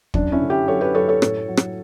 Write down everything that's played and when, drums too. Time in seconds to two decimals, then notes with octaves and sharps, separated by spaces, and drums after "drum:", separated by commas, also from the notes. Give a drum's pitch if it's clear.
0.14 F#2 D4, drum: kick
0.32 C#4 E4
0.41 D3
0.50 E4 G4
0.68 F#3 A4 C#5
0.81 G4 B4
0.95 F#2 A4 C#5
1.09 A4 C#5
1.22 A2, drum: rim click
1.48 F#3
1.57 drum: rim click